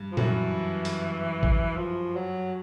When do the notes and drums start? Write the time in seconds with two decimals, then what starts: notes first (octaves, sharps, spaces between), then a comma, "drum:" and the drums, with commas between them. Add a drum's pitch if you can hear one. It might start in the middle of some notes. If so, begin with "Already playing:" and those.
Already playing: G2
0.12 F3
0.17 F#2 E3, drum: tom A#2
0.85 drum: open hi-hat
1.43 drum: kick A1
1.76 F3
2.16 F#3